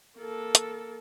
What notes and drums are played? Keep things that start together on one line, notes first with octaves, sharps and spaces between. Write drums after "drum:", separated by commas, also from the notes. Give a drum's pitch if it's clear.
A#3 A4
drum: hi-hat